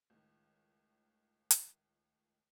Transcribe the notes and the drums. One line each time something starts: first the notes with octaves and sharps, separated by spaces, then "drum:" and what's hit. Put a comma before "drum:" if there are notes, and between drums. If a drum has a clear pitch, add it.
C#2 A2 D#3
drum: hi-hat